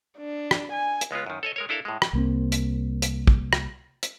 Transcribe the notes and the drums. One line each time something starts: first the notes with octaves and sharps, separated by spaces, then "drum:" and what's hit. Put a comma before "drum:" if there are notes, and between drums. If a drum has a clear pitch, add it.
D4
drum: rim click
G#5
drum: hi-hat
C#2 G#3 B3 F4
F#2 D#3
A4 C#5 D#5
G#3 A#4 C#5
D4 E4 A4 A#4 F5
A2 G#3
drum: rim click
C2 A#3 C4
drum: hi-hat
drum: hi-hat
drum: kick
drum: rim click
drum: hi-hat